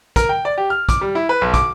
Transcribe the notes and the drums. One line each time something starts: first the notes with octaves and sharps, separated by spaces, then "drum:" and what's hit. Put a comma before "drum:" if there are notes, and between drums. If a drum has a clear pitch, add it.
A#4, drum: kick, hi-hat
G5
D5
G4
F6
D6, drum: kick, hi-hat
G3
E4
B4
B1
D6, drum: kick, hi-hat